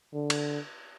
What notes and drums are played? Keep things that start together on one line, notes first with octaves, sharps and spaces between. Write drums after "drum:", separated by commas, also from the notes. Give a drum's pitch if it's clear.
D3
drum: cymbal